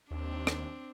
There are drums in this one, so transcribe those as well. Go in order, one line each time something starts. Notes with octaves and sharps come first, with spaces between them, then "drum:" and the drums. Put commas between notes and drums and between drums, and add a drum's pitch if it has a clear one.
D#2 C4 D4
drum: rim click